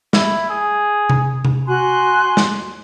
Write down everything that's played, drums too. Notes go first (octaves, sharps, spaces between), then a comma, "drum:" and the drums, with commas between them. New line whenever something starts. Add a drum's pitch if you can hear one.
E4, drum: snare
G#4
drum: tom C3
drum: tom C3
F#4 G#5 C6 F#6
drum: snare